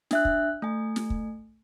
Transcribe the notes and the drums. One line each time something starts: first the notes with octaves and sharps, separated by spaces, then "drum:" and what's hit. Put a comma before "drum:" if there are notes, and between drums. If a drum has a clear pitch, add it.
D4 E5 F#6, drum: snare
drum: kick
A3 G#5
drum: snare
drum: kick